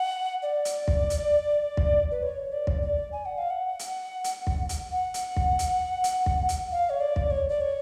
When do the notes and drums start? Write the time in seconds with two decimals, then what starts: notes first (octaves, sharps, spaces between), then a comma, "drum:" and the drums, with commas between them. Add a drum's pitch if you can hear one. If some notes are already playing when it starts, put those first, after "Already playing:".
Already playing: F#5
0.42 D5
0.65 drum: hi-hat
0.88 drum: kick
1.10 drum: hi-hat
1.77 drum: kick
2.11 B4
2.23 C#5
2.52 D5
2.67 drum: kick
2.82 D5
3.12 G#5
3.26 F#5
3.38 F5
3.50 F#5
3.79 drum: hi-hat
4.24 drum: hi-hat
4.47 drum: kick
4.69 drum: hi-hat
4.92 F#5
5.14 drum: hi-hat
5.36 drum: kick
5.59 drum: hi-hat
6.04 drum: hi-hat
6.26 drum: kick
6.49 drum: hi-hat
6.72 F5
6.90 C#5
7.00 D5
7.16 drum: kick
7.31 C#5
7.49 D5
7.61 C#5